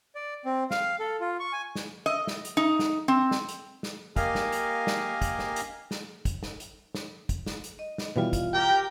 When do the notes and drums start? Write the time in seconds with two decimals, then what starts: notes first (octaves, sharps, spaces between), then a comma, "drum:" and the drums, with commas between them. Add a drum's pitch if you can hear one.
0.15 D5
0.45 C4
0.71 F5, drum: snare
0.99 A4
1.21 F4
1.40 C#6
1.53 G#5
1.75 drum: snare
2.06 D#5
2.27 drum: snare
2.45 drum: hi-hat
2.57 D#4
2.79 drum: snare
3.08 C4
3.31 drum: snare
3.49 drum: hi-hat
3.83 drum: snare
4.16 A#3 G4 A#4 D#5 F5 G#5, drum: kick, hi-hat
4.35 drum: snare
4.52 drum: hi-hat
4.87 drum: snare
5.22 drum: kick, hi-hat
5.39 drum: snare
5.56 drum: hi-hat
5.91 drum: snare
6.25 drum: kick, hi-hat
6.43 drum: snare
6.60 drum: hi-hat
6.95 drum: snare
7.29 drum: kick, hi-hat
7.46 drum: snare
7.64 drum: hi-hat
7.79 D#5
7.98 drum: snare
8.16 B2 E3 G3 F4 F5
8.33 drum: kick, hi-hat
8.54 G4 A#4 G5